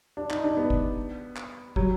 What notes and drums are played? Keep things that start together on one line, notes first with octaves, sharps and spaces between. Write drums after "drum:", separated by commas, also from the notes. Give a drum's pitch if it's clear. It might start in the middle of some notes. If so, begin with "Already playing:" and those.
D4
D#4, drum: clap
D4
B3
drum: kick
drum: clap
F#3, drum: kick